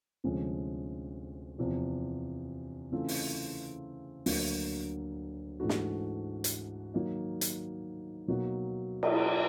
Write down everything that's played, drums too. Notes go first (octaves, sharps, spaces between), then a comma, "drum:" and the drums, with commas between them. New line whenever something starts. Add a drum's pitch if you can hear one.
D2 C3 F3 G#3 C#4
E2 C3 F3
C#3 E3 A3 C4 F4
drum: open hi-hat
D2 D3 F#3 A#3, drum: open hi-hat
G#2 E3 A3 D4 F#4
drum: snare
drum: hi-hat
D#3 F#3 A#3 D#4
drum: hi-hat
B2 F#3 A#3 D#4 F#4
drum: cymbal